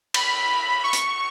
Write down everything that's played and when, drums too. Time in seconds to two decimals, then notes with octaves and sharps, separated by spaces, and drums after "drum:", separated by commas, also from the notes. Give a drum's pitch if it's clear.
0.14 B5, drum: cymbal
0.84 C#6
0.93 drum: hi-hat